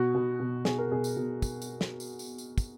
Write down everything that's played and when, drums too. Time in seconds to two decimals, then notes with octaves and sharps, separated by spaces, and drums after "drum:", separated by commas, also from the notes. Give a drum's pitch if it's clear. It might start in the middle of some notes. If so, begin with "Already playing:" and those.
Already playing: B2 F#4
0.15 B2
0.40 B2
0.65 B2 G#4, drum: snare
0.78 A#4
0.92 B2 G#4
1.04 drum: tambourine
1.16 B2
1.42 drum: kick, tambourine
1.62 drum: tambourine
1.81 drum: snare
2.00 drum: tambourine
2.19 drum: tambourine
2.38 drum: tambourine
2.58 drum: kick, tambourine